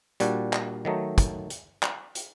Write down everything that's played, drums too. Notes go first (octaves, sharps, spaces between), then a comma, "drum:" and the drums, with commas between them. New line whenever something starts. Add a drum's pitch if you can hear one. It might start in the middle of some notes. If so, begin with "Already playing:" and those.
A#2 G3 D4 F#4, drum: hi-hat
drum: clap
D#3 F#3 A3 D#4
drum: kick, hi-hat
drum: hi-hat
drum: clap
drum: hi-hat